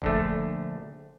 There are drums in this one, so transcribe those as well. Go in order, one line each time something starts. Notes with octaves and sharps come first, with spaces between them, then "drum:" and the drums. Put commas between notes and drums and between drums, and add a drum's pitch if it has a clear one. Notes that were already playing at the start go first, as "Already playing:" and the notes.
A#1 D3 A3, drum: kick F1